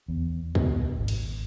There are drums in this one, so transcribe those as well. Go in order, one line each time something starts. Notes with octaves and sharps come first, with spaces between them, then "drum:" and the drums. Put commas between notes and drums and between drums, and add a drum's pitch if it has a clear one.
E2
B2, drum: kick C2
G#1
drum: cymbal